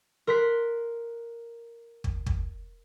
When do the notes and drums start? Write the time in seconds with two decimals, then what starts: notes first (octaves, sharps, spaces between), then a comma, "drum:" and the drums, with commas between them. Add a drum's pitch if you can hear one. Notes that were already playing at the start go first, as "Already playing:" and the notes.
0.27 A#4 C6 F#6 B6
2.04 drum: kick
2.26 drum: kick